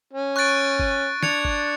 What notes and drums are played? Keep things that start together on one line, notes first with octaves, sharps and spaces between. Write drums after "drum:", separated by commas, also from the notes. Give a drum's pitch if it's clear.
C#4
C#6 F#6 A6 D7
drum: kick G1
D4 G#6 C#7 F7, drum: snare
drum: kick G1